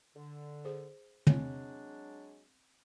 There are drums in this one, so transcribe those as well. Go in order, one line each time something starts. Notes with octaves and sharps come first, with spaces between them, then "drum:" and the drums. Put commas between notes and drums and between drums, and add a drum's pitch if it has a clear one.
D3
G#4 C5
F#3 G#3 C4 D4 C#5, drum: tom